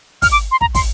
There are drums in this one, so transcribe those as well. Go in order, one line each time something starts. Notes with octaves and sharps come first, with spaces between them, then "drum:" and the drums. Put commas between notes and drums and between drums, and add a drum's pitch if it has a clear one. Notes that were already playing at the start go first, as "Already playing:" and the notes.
F6, drum: kick, open hi-hat
D6
C6
A#5, drum: kick
C6, drum: kick, open hi-hat